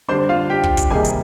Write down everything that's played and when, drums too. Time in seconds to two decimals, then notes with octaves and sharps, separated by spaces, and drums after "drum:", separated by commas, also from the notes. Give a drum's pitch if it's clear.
0.08 D3 G3 D4 C5 C6
0.29 F4 F5
0.50 G4 G5
0.63 drum: kick
0.77 drum: kick, hi-hat
0.90 C3 D#3 G3 A#3 D#4 G#4 G#5
1.04 drum: hi-hat